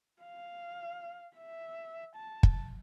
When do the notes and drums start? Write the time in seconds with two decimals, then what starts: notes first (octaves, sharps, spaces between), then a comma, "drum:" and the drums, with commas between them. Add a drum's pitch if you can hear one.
0.22 F5
1.37 E5
2.16 A5
2.43 drum: kick